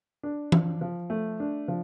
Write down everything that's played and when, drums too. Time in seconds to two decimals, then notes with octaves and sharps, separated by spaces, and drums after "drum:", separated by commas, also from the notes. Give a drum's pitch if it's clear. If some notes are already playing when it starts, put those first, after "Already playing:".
0.23 D4
0.52 F3, drum: tom E3
0.81 F3
1.10 A3
1.40 D4
1.68 F3